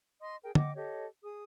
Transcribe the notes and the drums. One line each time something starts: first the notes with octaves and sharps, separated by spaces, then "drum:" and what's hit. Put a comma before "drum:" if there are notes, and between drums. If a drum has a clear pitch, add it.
D#5 C6 D#6
G#4 A#4 G5
D#5 F#5 G5 D6, drum: tom
G4 A4 C#5 D#5
G#4 D#6